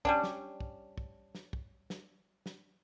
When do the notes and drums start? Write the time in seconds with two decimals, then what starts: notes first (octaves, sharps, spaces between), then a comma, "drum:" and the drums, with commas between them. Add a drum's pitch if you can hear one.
0.05 G3 C#4 D4, drum: kick
0.23 drum: snare
0.60 drum: kick
0.98 drum: kick
1.35 drum: snare
1.53 drum: kick
1.90 drum: snare
2.46 drum: snare